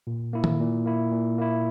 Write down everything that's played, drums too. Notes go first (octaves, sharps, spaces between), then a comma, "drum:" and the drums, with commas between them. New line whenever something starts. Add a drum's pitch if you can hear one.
A#2
A#3 E4
drum: tom D#3
A#2
A#3 E4
A#2
A#3 E4